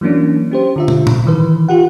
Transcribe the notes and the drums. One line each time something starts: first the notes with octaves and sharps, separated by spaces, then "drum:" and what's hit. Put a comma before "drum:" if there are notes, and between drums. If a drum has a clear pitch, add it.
E3 F#3 A#3 C#4 D4
C#4 G4 C5
D3 F4 E5
drum: tom
drum: tom A2
D#3 E3 B4
F4 G4 F#5